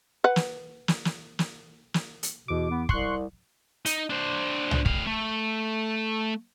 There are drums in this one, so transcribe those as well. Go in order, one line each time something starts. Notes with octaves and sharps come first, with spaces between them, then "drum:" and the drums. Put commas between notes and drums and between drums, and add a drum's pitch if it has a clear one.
B4 F#5
drum: snare
drum: snare
drum: snare
drum: snare
drum: snare
drum: hi-hat
E2 B2 D6
B3
C2 C6 C#6 F#6, drum: kick
D#4, drum: hi-hat
D4 C5
drum: tom
A2 F5, drum: kick
A3